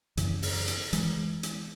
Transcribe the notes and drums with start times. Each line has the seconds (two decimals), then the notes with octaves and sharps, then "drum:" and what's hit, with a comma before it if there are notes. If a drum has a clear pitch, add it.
0.17 F#2 C#3 E3, drum: hi-hat
0.42 drum: open hi-hat
0.68 drum: hi-hat
0.93 E3 G#3, drum: hi-hat
1.43 drum: hi-hat